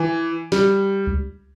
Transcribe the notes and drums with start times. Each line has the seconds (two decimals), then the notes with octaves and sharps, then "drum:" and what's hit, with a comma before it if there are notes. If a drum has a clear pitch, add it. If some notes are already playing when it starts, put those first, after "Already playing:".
Already playing: E3
0.52 G3, drum: snare
1.07 drum: kick C#2